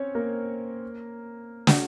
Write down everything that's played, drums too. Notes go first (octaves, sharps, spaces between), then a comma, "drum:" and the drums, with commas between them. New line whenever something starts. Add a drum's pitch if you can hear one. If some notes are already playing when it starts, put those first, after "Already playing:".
Already playing: C4 C#4 C#5
A#3 A#4
F#4, drum: snare